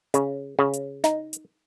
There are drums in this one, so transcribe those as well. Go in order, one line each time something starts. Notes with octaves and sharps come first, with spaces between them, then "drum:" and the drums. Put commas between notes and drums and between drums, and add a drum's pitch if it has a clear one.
C#3, drum: hi-hat
C#3
drum: hi-hat
D#4, drum: snare
drum: hi-hat